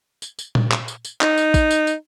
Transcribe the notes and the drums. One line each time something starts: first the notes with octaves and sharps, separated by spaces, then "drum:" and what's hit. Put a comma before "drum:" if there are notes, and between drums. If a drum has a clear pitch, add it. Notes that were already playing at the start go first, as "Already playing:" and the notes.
drum: tambourine
drum: tambourine
drum: tom A#2
drum: clap
drum: tambourine
drum: tambourine
D#4, drum: clap
drum: tambourine
drum: kick A1, tambourine
drum: tambourine
drum: tambourine